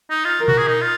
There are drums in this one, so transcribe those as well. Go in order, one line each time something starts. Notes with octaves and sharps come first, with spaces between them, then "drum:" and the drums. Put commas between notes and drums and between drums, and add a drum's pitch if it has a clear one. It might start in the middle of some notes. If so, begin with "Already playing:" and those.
D#4
F4
A#4
F#4, drum: tom A#2
G#4
D#4
F4